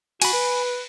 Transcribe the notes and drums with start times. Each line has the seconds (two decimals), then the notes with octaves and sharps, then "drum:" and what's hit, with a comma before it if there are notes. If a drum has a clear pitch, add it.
0.22 F#4 G#5 B5, drum: cymbal
0.33 B4